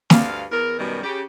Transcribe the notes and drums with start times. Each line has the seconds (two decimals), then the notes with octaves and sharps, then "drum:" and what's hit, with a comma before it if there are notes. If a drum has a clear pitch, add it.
0.10 D2 G2 F5, drum: snare
0.51 E2 A#4
0.79 F#2 B2 D#3 G3
1.03 C#3 G4